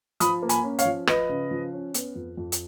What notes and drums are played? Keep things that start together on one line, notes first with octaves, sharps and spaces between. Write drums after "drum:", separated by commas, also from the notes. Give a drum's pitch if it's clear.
F3 B5 D#6, drum: hi-hat
A#3
G#5 B5, drum: hi-hat
C#4
C#5 F5, drum: hi-hat
F3
F3 B4 D#5, drum: rim click
C#3
F3
C#4
B3, drum: hi-hat
F2
F2
drum: hi-hat